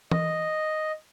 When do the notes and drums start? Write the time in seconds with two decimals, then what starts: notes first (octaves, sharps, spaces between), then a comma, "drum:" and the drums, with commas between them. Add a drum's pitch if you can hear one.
0.11 D#5, drum: tom E3